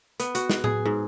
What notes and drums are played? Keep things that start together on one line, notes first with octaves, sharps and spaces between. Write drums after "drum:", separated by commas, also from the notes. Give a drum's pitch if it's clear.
B3, drum: hi-hat
F#4, drum: hi-hat
drum: snare
G#4, drum: tom A2
G#2